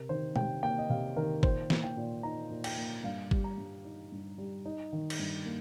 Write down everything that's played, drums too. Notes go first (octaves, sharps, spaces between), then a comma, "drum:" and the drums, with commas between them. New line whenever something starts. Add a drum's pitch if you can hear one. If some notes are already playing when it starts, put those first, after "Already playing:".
Already playing: C3 A#4
D#3 C5
C3 G5, drum: tom G#3
A#3 G5
D#5
C3 F5
D#3 A#4
A#2 C5, drum: kick G#1
A#3, drum: snare
G5
A#2
D#4 A#5
A#2
G5, drum: cymbal
A#3
G2 F5
G3, drum: kick G#1
A#5
G2
D#4
G2
G3
D#4
D#3
drum: cymbal
G2
A#3